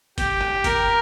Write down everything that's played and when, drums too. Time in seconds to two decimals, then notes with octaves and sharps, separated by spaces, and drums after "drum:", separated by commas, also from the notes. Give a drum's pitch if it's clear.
0.18 G4, drum: kick, hi-hat
0.41 drum: rim click
0.64 A#4, drum: kick, hi-hat